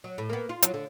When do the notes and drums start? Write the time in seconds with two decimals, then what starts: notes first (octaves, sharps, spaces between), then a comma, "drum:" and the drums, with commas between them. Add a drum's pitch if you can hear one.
0.04 F#3
0.18 A2
0.30 A#3 B3
0.49 F4
0.62 F#3 F4, drum: hi-hat
0.74 D3